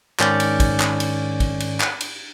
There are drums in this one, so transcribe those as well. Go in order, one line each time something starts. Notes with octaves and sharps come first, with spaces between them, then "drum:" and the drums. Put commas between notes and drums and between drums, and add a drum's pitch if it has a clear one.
G#2 D#3 C#4 D5 G6, drum: clap
drum: cymbal
drum: kick, cymbal
drum: clap
drum: cymbal
drum: kick, cymbal
drum: cymbal
drum: clap
drum: cymbal